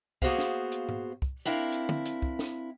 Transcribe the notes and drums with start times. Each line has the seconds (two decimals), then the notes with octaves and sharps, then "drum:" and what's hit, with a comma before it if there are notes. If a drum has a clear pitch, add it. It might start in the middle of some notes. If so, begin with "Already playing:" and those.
0.22 A#3 B3 F#4 G#4 C5 F5, drum: kick
0.38 drum: snare
0.72 drum: hi-hat
0.89 drum: tom G#2
1.22 drum: kick
1.45 C4 D4 E4 A#4 F5
1.72 drum: hi-hat
1.89 drum: tom
2.06 drum: hi-hat
2.22 drum: kick
2.39 drum: snare